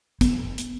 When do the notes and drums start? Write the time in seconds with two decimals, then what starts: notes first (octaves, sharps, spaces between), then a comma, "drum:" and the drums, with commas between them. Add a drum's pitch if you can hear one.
0.21 B3, drum: kick, hi-hat
0.58 drum: hi-hat